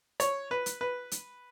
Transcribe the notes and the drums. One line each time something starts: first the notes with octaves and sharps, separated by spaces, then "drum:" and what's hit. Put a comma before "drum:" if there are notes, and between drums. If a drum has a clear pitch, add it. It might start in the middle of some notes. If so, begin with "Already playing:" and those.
C#5, drum: hi-hat
B4
drum: hi-hat
B4
drum: hi-hat